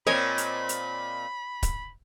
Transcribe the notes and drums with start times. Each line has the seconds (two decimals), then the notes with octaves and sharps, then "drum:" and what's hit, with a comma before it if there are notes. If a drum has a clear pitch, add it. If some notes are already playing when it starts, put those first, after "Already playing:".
0.07 A#2 C4 A#4 C#5 D#5 G#5 B5
0.38 drum: hi-hat
0.69 drum: hi-hat
1.63 drum: kick D1, hi-hat